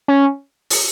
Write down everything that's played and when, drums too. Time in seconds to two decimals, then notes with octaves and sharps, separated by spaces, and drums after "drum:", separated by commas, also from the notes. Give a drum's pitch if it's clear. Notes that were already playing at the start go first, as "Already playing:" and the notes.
0.08 C#4
0.70 drum: open hi-hat